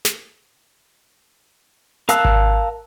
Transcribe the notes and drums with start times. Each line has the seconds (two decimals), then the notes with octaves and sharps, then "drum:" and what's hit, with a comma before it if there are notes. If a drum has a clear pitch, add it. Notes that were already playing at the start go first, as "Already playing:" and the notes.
0.05 drum: snare
2.09 A#4 F5 A5 E6 F#6, drum: hi-hat
2.25 drum: kick G#1